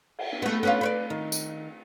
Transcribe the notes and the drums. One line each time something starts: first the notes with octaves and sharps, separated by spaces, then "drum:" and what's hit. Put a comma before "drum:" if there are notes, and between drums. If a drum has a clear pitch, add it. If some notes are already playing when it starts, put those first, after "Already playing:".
drum: cymbal
drum: cymbal
A3 B3
B3 C#4 F4
B4 C#5 D5
D#3
drum: tambourine